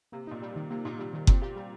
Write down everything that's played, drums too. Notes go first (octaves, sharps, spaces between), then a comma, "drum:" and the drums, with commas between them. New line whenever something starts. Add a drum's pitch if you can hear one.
C3 A#3
A#2 D#4
G3
C3
D#3
C3 A#3
A#2 D#4
A#2 G3
C3 D#3
A#2 C4, drum: kick F#1
A#2 G4
G3